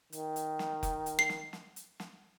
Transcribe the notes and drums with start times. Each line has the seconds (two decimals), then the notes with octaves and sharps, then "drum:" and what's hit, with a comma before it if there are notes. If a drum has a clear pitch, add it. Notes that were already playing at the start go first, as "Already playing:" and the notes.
0.12 D#3, drum: hi-hat
0.36 drum: hi-hat
0.59 drum: snare
0.83 drum: kick F1, hi-hat
1.06 drum: hi-hat
1.19 C7
1.29 drum: snare
1.53 drum: snare
1.76 drum: hi-hat
2.00 drum: snare